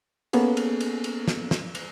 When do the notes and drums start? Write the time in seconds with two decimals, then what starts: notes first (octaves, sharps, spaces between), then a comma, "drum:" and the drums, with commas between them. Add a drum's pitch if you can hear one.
0.33 A#3 B3 C#4 G#4 A4, drum: cymbal
0.57 drum: cymbal
0.80 drum: cymbal
1.04 drum: cymbal
1.28 drum: snare
1.51 drum: snare
1.75 drum: cymbal